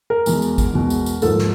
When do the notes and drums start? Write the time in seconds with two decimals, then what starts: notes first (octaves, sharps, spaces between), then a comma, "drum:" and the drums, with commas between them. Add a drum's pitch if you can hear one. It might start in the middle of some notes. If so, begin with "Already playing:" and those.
0.10 A#4
0.26 E2 B2 G#3, drum: tambourine
0.42 drum: tambourine
0.58 drum: kick G#1, tambourine
0.74 E2 B2 G#3
0.90 drum: tambourine
1.06 drum: tambourine
1.22 G#2 F3 A#3 A4, drum: tambourine
1.38 drum: snare